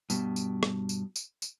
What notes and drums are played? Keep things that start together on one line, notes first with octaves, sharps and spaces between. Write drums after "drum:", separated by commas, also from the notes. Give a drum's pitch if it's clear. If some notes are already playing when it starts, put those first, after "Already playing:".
G2 B2, drum: tambourine
drum: tambourine
drum: rim click
drum: tambourine
drum: tambourine
drum: tambourine